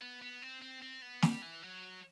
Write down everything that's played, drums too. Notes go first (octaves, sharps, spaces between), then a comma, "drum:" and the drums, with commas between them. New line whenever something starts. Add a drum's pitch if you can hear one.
B3
B3
C4
C4
C4
B3
G3, drum: snare
E3
F#3